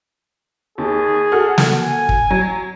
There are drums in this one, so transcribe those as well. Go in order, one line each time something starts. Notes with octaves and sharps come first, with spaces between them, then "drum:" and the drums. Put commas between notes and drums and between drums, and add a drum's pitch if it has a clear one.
D#2 G#4
F#4 A4 F6
drum: snare
G#5
drum: kick
F#3